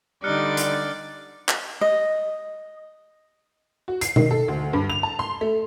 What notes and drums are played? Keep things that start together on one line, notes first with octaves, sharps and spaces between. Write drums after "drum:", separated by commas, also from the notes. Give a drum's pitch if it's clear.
D3 G3 D#4 D5 F6 F#6 A6 C#7
drum: hi-hat
drum: clap
D#5
F#4
C7, drum: hi-hat
D#3, drum: tom B2
A4
D2
G2
F7
A5
C6
A3